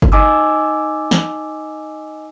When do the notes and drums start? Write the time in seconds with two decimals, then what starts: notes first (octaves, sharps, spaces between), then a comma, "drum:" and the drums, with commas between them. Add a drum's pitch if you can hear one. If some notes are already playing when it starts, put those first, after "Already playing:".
0.02 drum: kick G1
0.12 D#4 D#5 G#5 D6 E6
1.11 drum: snare